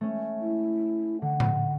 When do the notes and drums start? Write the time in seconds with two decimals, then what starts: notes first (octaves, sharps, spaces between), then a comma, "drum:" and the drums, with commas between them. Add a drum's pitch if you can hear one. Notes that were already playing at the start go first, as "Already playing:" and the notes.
0.01 A3 C#4
0.41 E4
1.22 D3 F#5
1.40 drum: tom A2